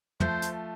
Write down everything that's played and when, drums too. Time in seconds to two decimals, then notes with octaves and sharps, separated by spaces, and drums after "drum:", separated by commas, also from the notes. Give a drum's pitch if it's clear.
0.20 F3 A3 C5, drum: tom
0.42 drum: hi-hat